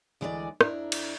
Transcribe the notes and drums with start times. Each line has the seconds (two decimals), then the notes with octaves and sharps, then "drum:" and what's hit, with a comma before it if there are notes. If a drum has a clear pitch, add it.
0.21 D2 E3 G#3 G#4 B4 D5
0.61 F2 D4 E4 A#5, drum: rim click
0.92 drum: cymbal